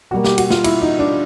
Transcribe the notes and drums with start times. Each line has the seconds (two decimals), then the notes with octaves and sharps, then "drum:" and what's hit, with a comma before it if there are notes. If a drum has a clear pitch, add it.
0.11 B2 G3 A#3 F#4
0.24 G4, drum: snare
0.38 F#4, drum: cymbal
0.50 F4, drum: snare
0.64 E4, drum: cymbal
0.81 D#4
0.99 D4